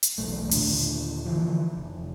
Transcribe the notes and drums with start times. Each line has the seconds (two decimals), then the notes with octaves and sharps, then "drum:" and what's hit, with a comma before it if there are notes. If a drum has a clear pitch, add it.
0.03 drum: hi-hat
0.18 E1 B1 A3
0.51 D#2 A#2 D3, drum: open hi-hat
1.26 D3 E3 F3
1.77 F1